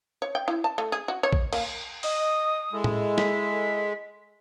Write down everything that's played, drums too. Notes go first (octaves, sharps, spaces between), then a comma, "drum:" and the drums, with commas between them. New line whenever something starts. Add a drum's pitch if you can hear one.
C#5
G5
E4
A5
A3
G#4
F#4
C#5
drum: kick A#1
A#3, drum: cymbal
D#5 D#6, drum: open hi-hat
G#3 E4 A4
drum: tom A2
B6, drum: snare